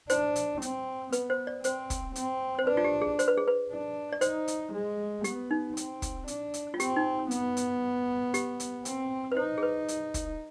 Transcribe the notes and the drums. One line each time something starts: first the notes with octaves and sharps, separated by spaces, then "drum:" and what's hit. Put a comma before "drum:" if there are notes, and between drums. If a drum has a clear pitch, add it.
D4 C5, drum: hi-hat
drum: hi-hat
C4, drum: hi-hat
B3 B4, drum: hi-hat
C5
D5
C4 C5, drum: hi-hat
drum: kick, hi-hat
C4, drum: hi-hat
C5
D4 B4
F4
G4
G#4
C5, drum: hi-hat
B4
G#4
B4
D4
D5
D#4 C5, drum: hi-hat
drum: hi-hat
G#3
B3 G4, drum: hi-hat
D#4
C4, drum: hi-hat
drum: kick, hi-hat
D4, drum: hi-hat
drum: hi-hat
F4
C4 G4, drum: hi-hat
D#4
B3, drum: hi-hat
drum: hi-hat
G4, drum: hi-hat
drum: hi-hat
C4, drum: hi-hat
B4
D#4 C5
G#4
B4
drum: hi-hat
drum: kick, hi-hat